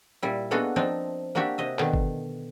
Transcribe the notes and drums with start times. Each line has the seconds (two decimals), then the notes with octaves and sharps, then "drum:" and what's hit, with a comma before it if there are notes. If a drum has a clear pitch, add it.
0.22 A#2 G3 E4
0.51 G#3 A#3 B3 D4 F#4 A4
0.76 F3 C4 D4 D#4
1.35 A#3 D4 F#4 G4 E5
1.58 C3 D#5 E5
1.79 B2 D3 D#3, drum: clap
1.94 drum: kick G1